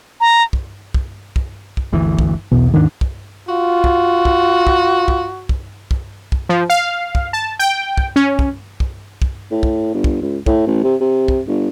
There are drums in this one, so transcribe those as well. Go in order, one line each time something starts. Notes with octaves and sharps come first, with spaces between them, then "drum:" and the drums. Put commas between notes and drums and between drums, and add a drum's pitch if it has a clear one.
A#5
drum: kick
drum: kick
drum: kick
drum: kick
G1 D2 E3
drum: kick
B1 E2 B2
D#2 G#2 D#3 D4
drum: kick
F4 F#4
drum: kick
drum: kick
drum: kick
drum: kick
drum: kick
drum: kick
drum: kick
F3
F5
drum: kick
A5
G5
drum: kick
C#4
drum: kick
drum: kick
drum: kick
A2
drum: kick
G1
drum: kick
C#2
A2, drum: kick
A1
C3
C3
drum: kick
G1